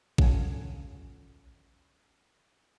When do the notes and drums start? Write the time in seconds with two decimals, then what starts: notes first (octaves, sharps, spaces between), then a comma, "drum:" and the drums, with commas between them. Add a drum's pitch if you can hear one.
0.18 C#4 F4 A4 F5 F#5 G#5, drum: kick A1